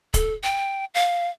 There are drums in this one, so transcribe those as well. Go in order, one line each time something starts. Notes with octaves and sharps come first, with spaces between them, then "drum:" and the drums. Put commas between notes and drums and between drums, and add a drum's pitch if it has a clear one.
A4, drum: kick, hi-hat
G5
F5